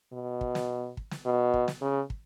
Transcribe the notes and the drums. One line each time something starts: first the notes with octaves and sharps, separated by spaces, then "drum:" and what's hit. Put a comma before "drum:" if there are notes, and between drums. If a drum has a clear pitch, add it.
B2
drum: kick
drum: snare
drum: kick
drum: snare
B2
drum: kick
drum: snare
C#3
drum: kick